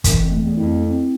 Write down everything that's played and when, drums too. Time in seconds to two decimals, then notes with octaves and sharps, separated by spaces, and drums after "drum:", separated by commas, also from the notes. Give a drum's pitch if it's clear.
0.04 F#2 E3, drum: kick, hi-hat
0.18 F2
0.31 F2 A3
0.44 E2
0.57 F2 E4
0.83 C4